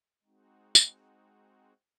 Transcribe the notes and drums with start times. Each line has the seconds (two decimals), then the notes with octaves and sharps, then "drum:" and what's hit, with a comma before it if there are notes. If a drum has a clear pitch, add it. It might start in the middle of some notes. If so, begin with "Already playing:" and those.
0.24 G#3 C4 D#4 F#4
0.75 drum: tambourine